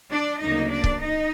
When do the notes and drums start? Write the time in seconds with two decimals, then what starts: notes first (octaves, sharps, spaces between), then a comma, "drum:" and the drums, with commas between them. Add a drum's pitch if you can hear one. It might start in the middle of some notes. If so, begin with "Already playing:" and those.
0.11 D4 D5
0.40 D2 C#3 F#3 A#3 D#4 D#5
0.70 D4 D5
0.84 drum: kick C#1
1.01 D#4 D#5